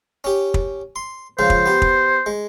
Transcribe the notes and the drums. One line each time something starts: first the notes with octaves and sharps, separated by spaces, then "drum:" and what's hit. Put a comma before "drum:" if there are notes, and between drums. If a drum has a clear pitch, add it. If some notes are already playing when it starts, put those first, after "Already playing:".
C#4 G4
drum: kick
C6
C#2 C#3 F3 C5
drum: kick
B3 G4
drum: kick
G#3